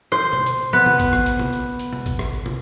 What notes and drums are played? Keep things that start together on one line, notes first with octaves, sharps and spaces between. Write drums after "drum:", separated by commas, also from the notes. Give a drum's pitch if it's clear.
C5
drum: tom B2
drum: hi-hat
B3
drum: tom
drum: kick, hi-hat
drum: rim click
drum: hi-hat
drum: tom
drum: hi-hat
drum: hi-hat
drum: tom B2
drum: kick, hi-hat
drum: rim click
drum: tom